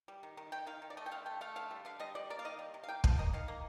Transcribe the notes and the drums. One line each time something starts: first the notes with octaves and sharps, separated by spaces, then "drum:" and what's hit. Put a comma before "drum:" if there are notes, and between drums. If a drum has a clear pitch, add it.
G3
D#3
D#3
D#3 G5
D#3 F5
D#3
D5
A3 D#5
G5
D3 F5
A3 G5
A3 F5
D3 F5
G3
D3 F5
G3 D#5
G3 D5
A#3 D5
F5
D#3 D#5
G3
C3
F5
A#3 G5
F3 F5, drum: kick
A#3 D#5
D#3 F5
A#3